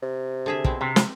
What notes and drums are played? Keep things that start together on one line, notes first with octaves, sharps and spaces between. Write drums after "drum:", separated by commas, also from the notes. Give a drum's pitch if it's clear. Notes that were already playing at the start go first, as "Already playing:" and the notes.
C3
D3 G#4 E5
B2 C4 E4, drum: kick
C3 C4
drum: snare